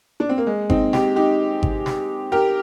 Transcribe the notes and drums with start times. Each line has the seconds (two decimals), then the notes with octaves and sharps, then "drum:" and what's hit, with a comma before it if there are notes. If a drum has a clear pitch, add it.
0.20 D4
0.29 C4
0.38 A#3
0.47 G#3
0.70 C4 D#4, drum: kick G#1
0.93 D#4 G4, drum: snare
1.16 D#4 G4
1.63 drum: kick G#1
1.86 drum: snare
2.32 G4 A#4